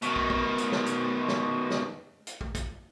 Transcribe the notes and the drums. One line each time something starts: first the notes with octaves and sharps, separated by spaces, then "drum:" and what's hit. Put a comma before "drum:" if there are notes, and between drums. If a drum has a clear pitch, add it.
B2 D#3, drum: hi-hat
drum: kick
drum: kick
drum: hi-hat
drum: snare
drum: hi-hat
drum: snare
drum: snare
drum: hi-hat
drum: kick
drum: kick, hi-hat